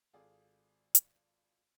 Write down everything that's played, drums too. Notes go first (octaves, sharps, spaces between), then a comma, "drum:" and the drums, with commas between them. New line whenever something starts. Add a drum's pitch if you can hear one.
G#1 F4 G#4 A4 D5
drum: hi-hat